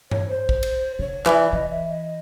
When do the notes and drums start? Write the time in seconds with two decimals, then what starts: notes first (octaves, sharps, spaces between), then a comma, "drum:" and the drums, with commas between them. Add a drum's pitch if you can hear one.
0.11 C#5, drum: tom G2
0.29 C5
0.49 drum: kick
0.63 drum: cymbal
0.99 D3 C#5
1.26 E3 D5, drum: clap
1.53 E3 D#5
1.71 E5
1.88 D#5